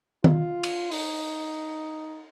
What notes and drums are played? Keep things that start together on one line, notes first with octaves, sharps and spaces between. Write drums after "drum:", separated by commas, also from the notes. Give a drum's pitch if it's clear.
F4, drum: tom D#3
drum: cymbal
D#4, drum: open hi-hat